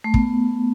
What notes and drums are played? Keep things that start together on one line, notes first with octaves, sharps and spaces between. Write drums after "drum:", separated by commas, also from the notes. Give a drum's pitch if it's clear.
A3
B3, drum: kick